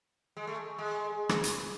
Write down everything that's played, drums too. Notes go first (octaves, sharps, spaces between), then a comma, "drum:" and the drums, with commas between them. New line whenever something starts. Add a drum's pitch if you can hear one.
G#3
A3
G#3
drum: rim click
drum: hi-hat